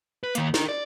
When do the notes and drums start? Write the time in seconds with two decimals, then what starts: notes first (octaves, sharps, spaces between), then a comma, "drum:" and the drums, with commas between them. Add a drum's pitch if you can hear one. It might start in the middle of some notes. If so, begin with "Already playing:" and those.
0.23 B4
0.35 D#3 A#3, drum: hi-hat
0.54 D#4 A#4, drum: snare
0.69 D5